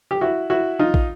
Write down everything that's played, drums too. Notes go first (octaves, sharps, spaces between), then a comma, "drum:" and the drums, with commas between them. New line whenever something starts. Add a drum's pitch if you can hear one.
G4
E4 F#4
E4 F#4
D#4 F4
drum: kick